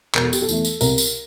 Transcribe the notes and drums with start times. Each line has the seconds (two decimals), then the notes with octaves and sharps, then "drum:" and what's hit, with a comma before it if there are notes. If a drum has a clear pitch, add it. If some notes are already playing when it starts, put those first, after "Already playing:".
0.15 E1 A#4, drum: clap
0.23 A4
0.33 G4, drum: tambourine
0.42 A4
0.49 E2 E3 A3, drum: tambourine
0.65 drum: tambourine
0.81 C2 A#4, drum: tambourine
0.98 drum: tambourine